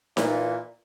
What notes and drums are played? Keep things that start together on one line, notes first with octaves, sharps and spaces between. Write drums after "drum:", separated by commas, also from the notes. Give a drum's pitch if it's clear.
A#2 E3, drum: snare D#4